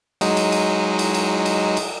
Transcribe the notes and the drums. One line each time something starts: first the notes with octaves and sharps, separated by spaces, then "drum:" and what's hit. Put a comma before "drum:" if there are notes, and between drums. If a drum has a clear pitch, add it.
F#3 G#3 D#4, drum: cymbal
drum: cymbal
drum: cymbal
drum: cymbal
drum: cymbal
drum: cymbal
drum: cymbal